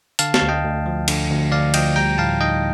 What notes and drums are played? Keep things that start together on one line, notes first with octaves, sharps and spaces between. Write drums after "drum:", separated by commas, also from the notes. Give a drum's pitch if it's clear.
D3 F5 A5, drum: hi-hat
F5 A5, drum: snare
D2
D#5 G5
D2
F3
D3, drum: cymbal
D2
D2 D5 F5
F3 D#5 G5, drum: cymbal
G3 G5 A#5
A2 F5 A5
D#4 D#5 G5